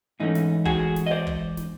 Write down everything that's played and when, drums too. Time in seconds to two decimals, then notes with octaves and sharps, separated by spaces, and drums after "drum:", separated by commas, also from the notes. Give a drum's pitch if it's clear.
0.20 G#2 E3 A3 C#4 D#4
0.35 drum: snare
0.65 F#4 G#4, drum: kick
0.96 drum: snare
1.06 D#5
1.11 C5 D5
1.27 drum: kick
1.57 drum: snare